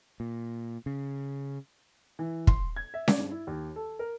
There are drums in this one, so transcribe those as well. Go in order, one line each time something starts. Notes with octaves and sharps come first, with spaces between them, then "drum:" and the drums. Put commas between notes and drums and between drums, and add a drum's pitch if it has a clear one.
A#2
C#3
E3
C6, drum: kick
G#6
E5
D5, drum: snare C#4
G2
E4
D#2
A4
A#4